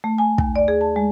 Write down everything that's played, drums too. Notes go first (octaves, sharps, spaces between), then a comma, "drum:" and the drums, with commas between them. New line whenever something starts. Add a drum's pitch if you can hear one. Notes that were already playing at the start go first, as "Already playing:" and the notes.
A3
G#5
D#2, drum: kick
D5
G#4
A5
G#3